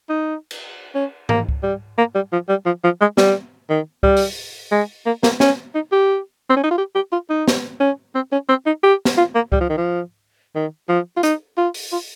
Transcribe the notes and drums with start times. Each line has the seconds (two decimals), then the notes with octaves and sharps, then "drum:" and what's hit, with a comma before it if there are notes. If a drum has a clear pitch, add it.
0.09 D#4
0.51 drum: cymbal
0.95 C#4
1.29 A#3, drum: tom
1.49 drum: kick C#2
1.63 G3
1.98 A#3
2.15 G3
2.32 F3
2.49 G3
2.66 F3
2.84 F3
3.01 G#3
3.17 G3, drum: snare
3.69 D#3
4.03 G3, drum: kick C#2
4.17 drum: open hi-hat
4.72 G#3
5.06 A#3
5.23 A#3, drum: snare
5.40 C#4, drum: snare
5.75 D#4
5.92 G4
6.50 C4
6.56 C#4
6.64 D#4
6.71 F4
6.78 G4
6.95 G4
7.12 F4
7.30 D#4
7.48 drum: snare
7.80 C#4
8.15 C4
8.32 C#4
8.49 C4
8.66 D#4
8.83 G4
9.05 drum: snare
9.18 F4
9.35 A#3
9.52 G3, drum: kick C#2
9.60 F3
9.69 D#3
9.77 F3
10.55 D#3
10.89 F3
11.17 F4
11.23 D#4, drum: hi-hat
11.57 F4
11.74 drum: open hi-hat
11.92 F4